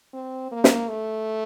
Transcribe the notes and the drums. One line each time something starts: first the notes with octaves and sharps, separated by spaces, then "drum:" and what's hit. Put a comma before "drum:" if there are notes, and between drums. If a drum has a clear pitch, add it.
C4
A#3
drum: snare
A3